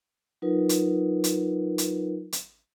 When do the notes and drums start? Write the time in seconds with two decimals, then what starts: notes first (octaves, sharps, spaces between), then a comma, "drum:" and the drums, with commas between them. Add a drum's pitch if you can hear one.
0.42 F#3 D#4 F4 A#4 B4
0.69 drum: hi-hat
1.24 drum: hi-hat
1.78 drum: hi-hat
2.32 drum: hi-hat